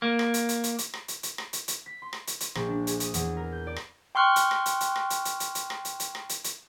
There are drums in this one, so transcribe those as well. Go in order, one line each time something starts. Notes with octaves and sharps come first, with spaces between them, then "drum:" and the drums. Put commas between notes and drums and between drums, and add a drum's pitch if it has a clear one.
A#3
drum: rim click
drum: hi-hat
drum: hi-hat
drum: hi-hat
drum: hi-hat
drum: rim click
drum: hi-hat
drum: hi-hat
drum: rim click
drum: hi-hat
drum: hi-hat
B6
C6
drum: rim click
drum: hi-hat
D#7, drum: hi-hat
A#1, drum: rim click
D4
G#4, drum: hi-hat
D#6, drum: hi-hat
E2, drum: hi-hat
A#4
G6
D5
drum: rim click
G5 C6 C#6 F6 F#6
drum: hi-hat
drum: rim click
drum: hi-hat
drum: hi-hat
drum: rim click
drum: hi-hat
drum: hi-hat
drum: hi-hat
drum: hi-hat
drum: rim click
drum: hi-hat
drum: hi-hat
drum: rim click
drum: hi-hat
drum: hi-hat